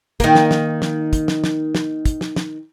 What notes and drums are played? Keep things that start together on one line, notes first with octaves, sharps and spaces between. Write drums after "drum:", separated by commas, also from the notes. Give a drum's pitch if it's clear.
D#3 A#3, drum: kick, hi-hat
drum: snare
drum: snare
drum: snare
drum: kick, hi-hat
drum: snare
drum: snare
drum: snare
drum: kick, hi-hat
drum: snare
drum: snare